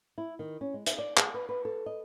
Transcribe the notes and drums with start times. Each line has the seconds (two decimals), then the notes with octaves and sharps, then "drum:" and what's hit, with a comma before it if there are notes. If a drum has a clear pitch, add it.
0.18 E4
0.39 D#3
0.61 C#4
0.74 G#3
0.86 E5, drum: hi-hat
0.98 D5
1.17 G#4, drum: clap
1.34 B4
1.49 B4
1.65 A4
1.86 D#5